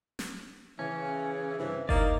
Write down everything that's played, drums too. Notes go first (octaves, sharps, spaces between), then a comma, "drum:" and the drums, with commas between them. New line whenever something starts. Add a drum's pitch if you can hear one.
drum: snare
C#3 E3 C#4
G2 C3 E3
A#3 D#4 D5, drum: kick F#1